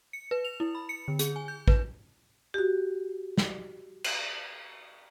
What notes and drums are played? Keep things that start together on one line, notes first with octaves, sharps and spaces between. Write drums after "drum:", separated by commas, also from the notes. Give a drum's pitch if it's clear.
C#7
B4
F7
E4
B5
C#7
D3
G#4, drum: hi-hat
G#5
G6
B4, drum: kick
F#4 G4
drum: snare
drum: cymbal